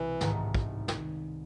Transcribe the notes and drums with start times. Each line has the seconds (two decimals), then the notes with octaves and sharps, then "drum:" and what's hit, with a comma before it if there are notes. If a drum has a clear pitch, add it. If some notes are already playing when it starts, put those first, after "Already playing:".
Already playing: C2 B2 E3
0.21 A1 G#2 D#3 G#3, drum: snare
0.54 drum: kick
0.88 drum: snare